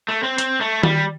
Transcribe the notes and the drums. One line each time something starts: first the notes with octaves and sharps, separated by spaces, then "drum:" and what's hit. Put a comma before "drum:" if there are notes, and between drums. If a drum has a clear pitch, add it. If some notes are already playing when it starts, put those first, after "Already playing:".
A3
C4
C4, drum: hi-hat
A3
G3, drum: tom D#3